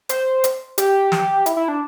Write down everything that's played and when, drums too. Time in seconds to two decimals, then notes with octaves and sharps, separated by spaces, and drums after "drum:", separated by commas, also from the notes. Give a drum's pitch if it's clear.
0.09 C5, drum: hi-hat
0.44 drum: hi-hat
0.78 G4, drum: hi-hat
1.12 drum: snare
1.46 E4, drum: hi-hat
1.57 E4
1.68 D4